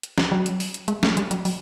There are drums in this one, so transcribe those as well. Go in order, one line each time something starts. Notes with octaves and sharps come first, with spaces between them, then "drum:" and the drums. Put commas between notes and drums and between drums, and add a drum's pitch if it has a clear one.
drum: hi-hat
F3, drum: snare
F#3
drum: hi-hat
drum: open hi-hat
drum: hi-hat
G#3, drum: hi-hat
A3, drum: snare
G3, drum: hi-hat
F#3, drum: hi-hat
F#3, drum: open hi-hat